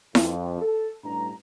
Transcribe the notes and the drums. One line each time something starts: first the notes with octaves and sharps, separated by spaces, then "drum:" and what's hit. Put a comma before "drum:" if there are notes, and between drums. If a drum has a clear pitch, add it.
F2, drum: snare E4
A4
A1 G2 A#5